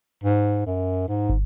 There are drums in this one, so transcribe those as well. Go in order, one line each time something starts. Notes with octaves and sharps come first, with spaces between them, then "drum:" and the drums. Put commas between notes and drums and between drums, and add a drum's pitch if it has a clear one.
G#2
F#2
G#2
drum: kick